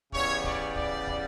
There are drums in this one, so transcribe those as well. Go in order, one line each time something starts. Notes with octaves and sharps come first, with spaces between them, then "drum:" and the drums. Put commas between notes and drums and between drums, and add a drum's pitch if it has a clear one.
C#3 E3 G3 B3 C#5, drum: kick
D5, drum: kick
D5, drum: kick
drum: kick